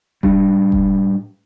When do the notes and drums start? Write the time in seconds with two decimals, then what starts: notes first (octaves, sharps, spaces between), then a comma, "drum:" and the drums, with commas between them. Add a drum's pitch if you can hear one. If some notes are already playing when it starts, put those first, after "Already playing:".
0.23 A2 G3 D4, drum: kick F1
0.72 drum: kick F1